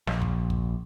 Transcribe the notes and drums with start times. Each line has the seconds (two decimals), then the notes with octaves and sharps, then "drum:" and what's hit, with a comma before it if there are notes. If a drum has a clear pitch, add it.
0.07 A#1, drum: snare
0.22 drum: kick
0.50 drum: kick